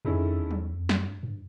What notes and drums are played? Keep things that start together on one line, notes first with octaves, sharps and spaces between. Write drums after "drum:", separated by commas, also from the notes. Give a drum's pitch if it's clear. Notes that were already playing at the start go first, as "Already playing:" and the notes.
F2 D#3 G#3 C#4 E4 A4
E2
drum: tom
F2
F#2, drum: snare
G2
G2